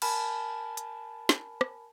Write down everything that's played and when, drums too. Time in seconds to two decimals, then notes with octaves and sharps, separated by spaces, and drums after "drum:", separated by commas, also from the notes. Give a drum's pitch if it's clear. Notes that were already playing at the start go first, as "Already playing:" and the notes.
0.02 A#4 G#5 A5 B5 F6, drum: cymbal
0.77 drum: hi-hat
1.29 drum: snare
1.61 drum: rim click